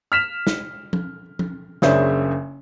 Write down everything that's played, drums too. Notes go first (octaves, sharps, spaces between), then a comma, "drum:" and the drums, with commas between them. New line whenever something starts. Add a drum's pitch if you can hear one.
F6 B6 E7 F7
drum: snare
drum: tom F3
drum: tom F3
F#1 C#3 D4 C5 E5, drum: snare